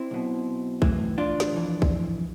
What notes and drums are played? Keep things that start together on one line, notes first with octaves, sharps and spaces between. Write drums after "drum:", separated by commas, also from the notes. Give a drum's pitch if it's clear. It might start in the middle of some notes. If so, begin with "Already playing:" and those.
Already playing: C4 E4
B1 B2
B1 A2 E3, drum: kick
D4 F4
drum: snare
F2 E3
drum: kick